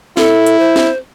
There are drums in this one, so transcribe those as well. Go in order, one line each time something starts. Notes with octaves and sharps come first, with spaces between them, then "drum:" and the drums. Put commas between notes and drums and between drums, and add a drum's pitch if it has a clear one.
E4 A4, drum: snare
drum: hi-hat
C5
drum: snare